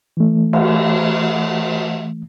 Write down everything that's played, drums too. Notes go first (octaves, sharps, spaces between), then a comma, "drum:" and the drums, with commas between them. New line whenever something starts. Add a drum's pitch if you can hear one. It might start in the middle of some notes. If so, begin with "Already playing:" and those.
E3 A3
drum: cymbal